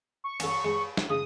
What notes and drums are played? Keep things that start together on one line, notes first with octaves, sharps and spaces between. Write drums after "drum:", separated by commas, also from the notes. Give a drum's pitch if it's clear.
C#6
C#4 A4, drum: cymbal
G#3
drum: snare
C#3 D#6